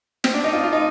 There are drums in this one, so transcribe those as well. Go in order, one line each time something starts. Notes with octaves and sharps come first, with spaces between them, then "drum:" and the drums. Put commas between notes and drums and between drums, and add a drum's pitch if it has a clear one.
C4, drum: snare
D4
D#4
F4
F4
D#4